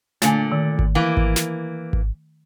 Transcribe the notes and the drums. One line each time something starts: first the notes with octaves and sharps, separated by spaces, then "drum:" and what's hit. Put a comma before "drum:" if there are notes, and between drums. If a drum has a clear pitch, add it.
A#2 D3 A3 G#5, drum: snare
D#3
drum: kick G#1
E3 A#3
drum: kick G#1
drum: snare
drum: kick G#1